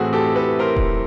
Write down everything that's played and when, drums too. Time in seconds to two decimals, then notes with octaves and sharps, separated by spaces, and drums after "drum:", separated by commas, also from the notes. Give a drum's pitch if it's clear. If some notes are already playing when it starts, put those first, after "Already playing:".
Already playing: A2 E3 A3 C4 F#4 G#4
0.13 G4 A4
0.36 A4 B4
0.59 A#4 C5
0.77 drum: kick D#1